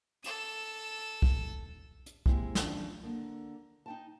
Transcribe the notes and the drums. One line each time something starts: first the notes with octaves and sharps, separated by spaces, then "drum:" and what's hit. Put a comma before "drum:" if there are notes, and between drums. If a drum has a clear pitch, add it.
A4 E7, drum: hi-hat
drum: kick
drum: hi-hat
G#3 A#3 C4 E4 G4, drum: kick
D#3 F3 C#4 D4, drum: snare
D3 A#3
D#4 G5 A5